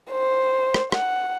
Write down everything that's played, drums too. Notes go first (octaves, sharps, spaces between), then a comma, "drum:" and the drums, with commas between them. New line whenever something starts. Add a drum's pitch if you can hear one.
C5
drum: rim click
F#5, drum: rim click